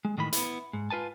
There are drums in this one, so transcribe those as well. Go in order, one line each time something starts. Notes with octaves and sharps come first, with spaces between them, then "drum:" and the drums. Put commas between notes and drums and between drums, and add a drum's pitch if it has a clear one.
G#3
A2 D#3 E3 B5
B3 E4, drum: hi-hat
G#2
F4 B4 G#5 A5